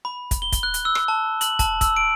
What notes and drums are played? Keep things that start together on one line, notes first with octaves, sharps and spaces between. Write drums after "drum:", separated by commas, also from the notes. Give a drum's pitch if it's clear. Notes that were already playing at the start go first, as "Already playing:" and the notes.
B5
drum: kick, hi-hat
G7
drum: kick, hi-hat
F#6
drum: hi-hat
E6
drum: rim click
A5
F#7, drum: hi-hat
A5, drum: kick, hi-hat
E6, drum: kick, hi-hat
D7